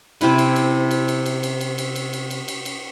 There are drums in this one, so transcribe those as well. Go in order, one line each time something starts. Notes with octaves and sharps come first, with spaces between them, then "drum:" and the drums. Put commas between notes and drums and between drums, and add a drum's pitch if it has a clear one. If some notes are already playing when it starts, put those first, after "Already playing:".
C3 C4 E4 B4, drum: cymbal
drum: cymbal
drum: cymbal
drum: cymbal
drum: cymbal
drum: cymbal
drum: cymbal
drum: cymbal
drum: cymbal
drum: cymbal
drum: cymbal
drum: cymbal
drum: cymbal
drum: cymbal